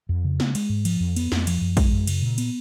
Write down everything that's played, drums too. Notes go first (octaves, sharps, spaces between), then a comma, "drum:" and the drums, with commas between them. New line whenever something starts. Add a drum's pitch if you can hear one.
F2
C#3
B3, drum: snare
G#3, drum: cymbal
G#2
F3, drum: cymbal
F2
B3, drum: cymbal
F2, drum: snare
F3, drum: cymbal
F#2
G#3, drum: kick, cymbal
F#2
C#3, drum: cymbal
A#2
B3, drum: cymbal